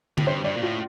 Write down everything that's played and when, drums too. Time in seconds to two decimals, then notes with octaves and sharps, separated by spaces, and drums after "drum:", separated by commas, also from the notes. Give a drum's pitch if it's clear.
0.18 A2, drum: tom D3
0.27 G2 C5
0.44 G2 D5
0.57 A#2
0.62 A2 F4